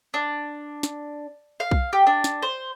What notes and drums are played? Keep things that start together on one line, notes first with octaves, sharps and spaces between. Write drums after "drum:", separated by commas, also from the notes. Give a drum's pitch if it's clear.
D4
drum: snare
F5
drum: kick B1
G4
D4
drum: snare
C5